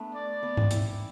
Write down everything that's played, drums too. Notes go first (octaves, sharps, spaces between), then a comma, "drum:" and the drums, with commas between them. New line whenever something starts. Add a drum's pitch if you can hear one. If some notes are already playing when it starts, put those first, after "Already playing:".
Already playing: A3 B3 D4
D5
B3
C4, drum: tom G#2
E4, drum: hi-hat